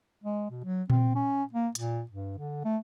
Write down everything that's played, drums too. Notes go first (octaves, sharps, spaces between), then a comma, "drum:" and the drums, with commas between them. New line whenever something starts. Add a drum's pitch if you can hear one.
G#3
B2
F#3
C4, drum: tom A#2
C#4
A#3
A#2, drum: hi-hat
G2
D3
A3